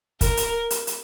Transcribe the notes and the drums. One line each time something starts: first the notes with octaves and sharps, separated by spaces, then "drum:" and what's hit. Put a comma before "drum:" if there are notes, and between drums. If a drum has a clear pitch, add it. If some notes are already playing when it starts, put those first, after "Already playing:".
A#4, drum: kick, hi-hat
drum: hi-hat
drum: hi-hat
drum: hi-hat